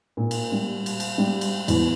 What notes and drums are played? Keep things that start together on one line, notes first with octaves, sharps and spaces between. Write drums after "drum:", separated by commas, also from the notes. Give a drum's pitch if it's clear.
A#2
drum: cymbal
G3
drum: cymbal
drum: cymbal
G3
drum: cymbal
E2, drum: cymbal